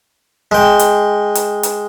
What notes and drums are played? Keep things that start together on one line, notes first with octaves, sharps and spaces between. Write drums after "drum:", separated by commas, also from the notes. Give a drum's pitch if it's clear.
G#3 G5
drum: hi-hat
drum: hi-hat
drum: hi-hat